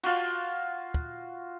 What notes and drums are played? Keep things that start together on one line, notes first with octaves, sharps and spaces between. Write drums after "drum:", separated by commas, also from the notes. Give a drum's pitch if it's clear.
F4 F#4, drum: cymbal
drum: kick